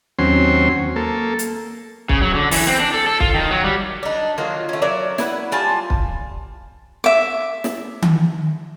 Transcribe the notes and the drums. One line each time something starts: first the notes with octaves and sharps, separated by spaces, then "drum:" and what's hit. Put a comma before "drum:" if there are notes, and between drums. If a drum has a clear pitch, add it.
D#2 F#3 C4 C#4 C6
A#3 A4
drum: hi-hat
C#3, drum: kick
F#3
D3
E3, drum: open hi-hat
C4
D4
A4
A4
F4, drum: kick
D#3
F#3
G3
D4 D#4
D#3 F#3 A#3 F4
A3 C#4
F#3 A#4 D5 E5
E4 B4 F#5, drum: snare
G3 F4 G#5 A5
drum: kick
E5 D6
drum: snare
drum: tom D#3